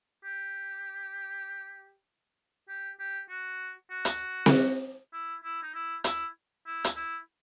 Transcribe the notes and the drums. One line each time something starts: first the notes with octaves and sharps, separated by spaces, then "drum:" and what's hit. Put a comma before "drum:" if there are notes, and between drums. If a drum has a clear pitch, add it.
G4
G4
G4
F#4
F#4
drum: hi-hat
drum: snare C4
E4
E4
D#4
E4
E4, drum: hi-hat
E4
drum: hi-hat
E4